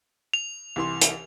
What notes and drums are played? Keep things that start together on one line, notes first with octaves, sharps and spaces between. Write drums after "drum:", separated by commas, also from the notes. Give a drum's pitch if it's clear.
F7
C2 E3 C6
drum: hi-hat